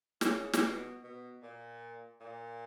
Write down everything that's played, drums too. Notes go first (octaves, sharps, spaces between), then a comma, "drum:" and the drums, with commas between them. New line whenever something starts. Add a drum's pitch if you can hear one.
D#3, drum: snare
C#3
drum: snare
B2
B2
A#2
A#2